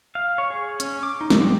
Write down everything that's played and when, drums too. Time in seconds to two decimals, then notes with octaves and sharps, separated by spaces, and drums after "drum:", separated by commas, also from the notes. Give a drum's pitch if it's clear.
0.15 F5
0.38 C#5
0.50 G#4
0.80 C#4, drum: hi-hat
1.03 D6
1.21 D#4
1.30 drum: snare
1.41 C4